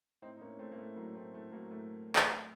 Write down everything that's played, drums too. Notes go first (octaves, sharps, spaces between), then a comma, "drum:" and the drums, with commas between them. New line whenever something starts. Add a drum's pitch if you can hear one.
A2 C4 D#4
D#4
A2 A#3 C#4
A2 A3 C4
A#3
A2 A3
A2 F#3 A#3
A2 A3 C4
A2 A3
A2 F#3 A#3
A2 A3
drum: clap